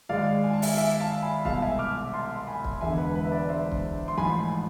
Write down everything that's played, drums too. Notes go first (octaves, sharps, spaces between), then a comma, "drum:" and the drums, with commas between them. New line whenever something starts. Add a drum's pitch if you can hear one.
G#1 G#2 G#3 D5 F5
G#5
A5
E5 G#5, drum: open hi-hat
E5 G#5
F5 A5
G#5 B5
C2 B2 G#3 F5 A5, drum: kick
E5 G#5
D6 F6
A5 C6
G#5 B5
drum: kick
E1 E2 D3 G#3 E5 G#5
B4
B4
E5
B4 D5
C5 E5
drum: kick
C6
A1 G#2 F3 G#5 B5